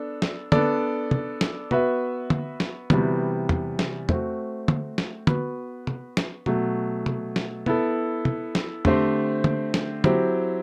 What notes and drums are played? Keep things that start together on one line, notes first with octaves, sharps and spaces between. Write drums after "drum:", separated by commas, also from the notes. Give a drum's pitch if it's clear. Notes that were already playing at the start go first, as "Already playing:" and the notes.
Already playing: B3 D4 A4
drum: snare
B3 D4 A4 D5, drum: tom
drum: tom
drum: snare
B3 F#4 B4 E5, drum: tom
drum: tom
drum: snare
C3 E3 G3 B3 F#4, drum: tom
drum: tom
drum: snare
A3 C4 F#4, drum: tom
drum: tom
drum: snare
B3 F#4 B4, drum: tom
drum: tom
drum: snare
B2 F#3 A3, drum: tom
drum: tom
drum: snare
B3 E4 A4, drum: tom
drum: tom
drum: snare
D3 A3 C4 G4 C5, drum: tom
drum: tom
drum: snare
F#3 C4 E4 G4, drum: tom